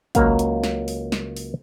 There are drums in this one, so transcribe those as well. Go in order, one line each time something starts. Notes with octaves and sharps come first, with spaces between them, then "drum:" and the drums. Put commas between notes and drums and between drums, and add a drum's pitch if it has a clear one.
C#2 F#3 A#3 F5, drum: kick, hi-hat
drum: hi-hat
drum: snare
drum: open hi-hat
drum: snare
drum: open hi-hat